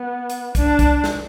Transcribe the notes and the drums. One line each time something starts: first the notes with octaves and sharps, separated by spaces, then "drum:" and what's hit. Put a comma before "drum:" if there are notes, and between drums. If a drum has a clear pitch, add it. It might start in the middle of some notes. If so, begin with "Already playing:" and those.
Already playing: B3
drum: hi-hat
D4, drum: kick, hi-hat
drum: kick, hi-hat
drum: snare